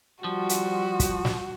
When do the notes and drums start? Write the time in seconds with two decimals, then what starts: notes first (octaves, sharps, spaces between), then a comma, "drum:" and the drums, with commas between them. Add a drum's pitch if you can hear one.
0.24 F3 G3 F#4
0.49 drum: hi-hat
1.00 drum: kick, hi-hat
1.25 drum: snare